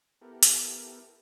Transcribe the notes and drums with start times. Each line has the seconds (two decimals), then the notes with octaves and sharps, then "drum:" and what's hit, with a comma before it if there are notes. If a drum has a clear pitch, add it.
0.21 B3 E4 G4 A4 A#4
0.43 drum: hi-hat